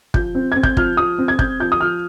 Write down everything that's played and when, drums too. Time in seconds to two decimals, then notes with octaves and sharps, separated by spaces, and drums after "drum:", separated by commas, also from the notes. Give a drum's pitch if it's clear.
0.14 F3 G6, drum: kick
0.35 C4
0.52 C4 G#6
0.63 G6, drum: kick
0.77 F3 F6, drum: kick
0.97 F3 D#6
1.18 C4
1.28 G#6
1.39 C4 G6, drum: kick
1.60 F3 G6
1.72 D#6
1.81 F3 F6